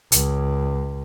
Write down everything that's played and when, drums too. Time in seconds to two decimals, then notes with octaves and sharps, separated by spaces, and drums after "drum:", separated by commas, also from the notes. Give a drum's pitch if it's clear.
0.12 C#2, drum: hi-hat